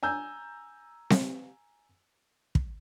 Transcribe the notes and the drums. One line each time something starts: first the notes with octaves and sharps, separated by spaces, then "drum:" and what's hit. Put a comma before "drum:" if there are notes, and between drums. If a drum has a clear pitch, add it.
G#5 A#5 E6 G6
drum: snare C4
drum: kick